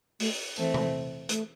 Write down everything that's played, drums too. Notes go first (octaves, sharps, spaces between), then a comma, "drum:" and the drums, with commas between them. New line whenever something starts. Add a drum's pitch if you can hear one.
A3, drum: open hi-hat
E3 A3 C4, drum: tambourine
drum: tom C3
A3, drum: hi-hat